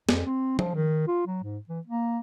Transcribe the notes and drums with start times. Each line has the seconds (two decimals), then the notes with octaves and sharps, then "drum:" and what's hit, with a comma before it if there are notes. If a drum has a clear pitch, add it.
0.09 F2, drum: snare
0.26 C4
0.59 F3, drum: tom F3
0.75 D#3
1.08 F4
1.27 F#3
1.43 G#2
1.69 E3
1.87 A#3